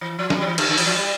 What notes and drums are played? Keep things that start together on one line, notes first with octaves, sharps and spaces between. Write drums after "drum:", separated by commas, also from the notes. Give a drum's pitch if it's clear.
E3
F3
A3, drum: snare
G3
F3
E3
D3, drum: cymbal
D3
E3, drum: open hi-hat
F3
G3